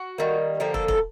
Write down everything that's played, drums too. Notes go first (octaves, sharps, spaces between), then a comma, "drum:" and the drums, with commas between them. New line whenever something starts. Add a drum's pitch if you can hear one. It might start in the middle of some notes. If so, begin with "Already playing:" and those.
Already playing: F#4
D#3 G3 A#3
D3 F3 A#3 G4
A4, drum: kick
A4, drum: kick